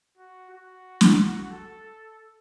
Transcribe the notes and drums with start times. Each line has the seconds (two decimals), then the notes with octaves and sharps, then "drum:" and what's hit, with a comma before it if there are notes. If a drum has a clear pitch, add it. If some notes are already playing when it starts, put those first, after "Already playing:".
0.18 F#4
0.50 F#4
1.01 drum: snare
1.51 A4